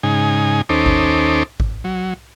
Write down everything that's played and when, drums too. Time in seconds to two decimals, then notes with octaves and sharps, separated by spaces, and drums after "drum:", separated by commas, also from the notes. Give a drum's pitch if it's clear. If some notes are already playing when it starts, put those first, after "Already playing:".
0.03 G#2 C#3 D#4 G#5
0.69 D#2 C#4 D#4 A4 C5 D6
0.86 drum: kick G#1
1.60 drum: kick G#1
1.84 F#3